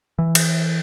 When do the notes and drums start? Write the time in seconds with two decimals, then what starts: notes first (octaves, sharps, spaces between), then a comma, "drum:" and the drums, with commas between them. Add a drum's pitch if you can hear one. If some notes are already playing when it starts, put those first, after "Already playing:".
0.19 E3
0.35 drum: cymbal